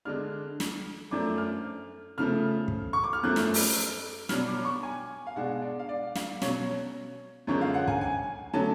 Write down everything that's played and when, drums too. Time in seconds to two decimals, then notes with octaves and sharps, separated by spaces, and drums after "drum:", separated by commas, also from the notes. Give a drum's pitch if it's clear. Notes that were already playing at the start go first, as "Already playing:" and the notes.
0.05 D3 G#3 D4 F6
0.60 drum: snare
1.11 F#2 F3 A3 D4 D6
1.38 F6
2.18 C#3 F3 A3 F6
2.68 drum: kick
2.93 C#6
3.04 D6
3.13 F6
3.23 F#2 F3 A3 F#6
3.36 drum: snare
3.54 drum: open hi-hat
4.29 B2 F#3 B3 D4 F6, drum: snare
4.48 D6
4.65 C#6
4.83 G#5
5.27 F5
5.36 B2 G#3 D4 F#5
5.62 D5
5.79 F5
5.89 D5
6.15 F5, drum: snare
6.42 B2 F#3 C#4 C#5, drum: snare
7.47 F#2 D3 F3 G#3 C#4 C#5
7.61 F5
7.74 F#5
7.88 G#5, drum: kick
8.01 G#5
8.53 D3 F#3 A3 C#4 A5